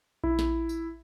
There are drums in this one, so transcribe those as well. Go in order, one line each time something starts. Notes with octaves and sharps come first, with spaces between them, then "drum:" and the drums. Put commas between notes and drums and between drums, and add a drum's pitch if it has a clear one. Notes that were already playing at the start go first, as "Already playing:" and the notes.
E4, drum: kick A#1
drum: snare
drum: tambourine